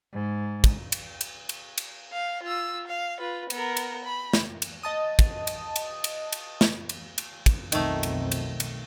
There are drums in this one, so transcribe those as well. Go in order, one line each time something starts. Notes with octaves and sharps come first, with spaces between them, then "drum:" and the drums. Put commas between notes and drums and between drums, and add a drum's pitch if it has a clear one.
G#2
drum: kick, cymbal
drum: cymbal
drum: cymbal
drum: cymbal
drum: cymbal
F5
F4 E6
F5
F4 B4
B3 A#4, drum: cymbal
drum: cymbal
B5
drum: snare
drum: cymbal
D#5 A5 D#6
drum: kick, cymbal
drum: cymbal
drum: cymbal
drum: cymbal
drum: cymbal
drum: snare
drum: cymbal
drum: cymbal
drum: kick, cymbal
B1 F2 D#3 A3, drum: cymbal
drum: cymbal
drum: cymbal
drum: cymbal